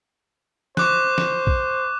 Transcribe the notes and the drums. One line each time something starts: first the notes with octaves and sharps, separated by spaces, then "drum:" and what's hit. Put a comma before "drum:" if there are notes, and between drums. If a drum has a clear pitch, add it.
C5 C#6 D6 F#6, drum: snare
drum: snare
drum: kick A#1